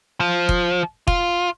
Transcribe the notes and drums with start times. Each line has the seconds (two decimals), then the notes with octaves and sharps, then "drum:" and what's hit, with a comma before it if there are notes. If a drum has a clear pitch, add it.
0.20 F3
0.49 drum: kick F1
1.07 F4, drum: kick F1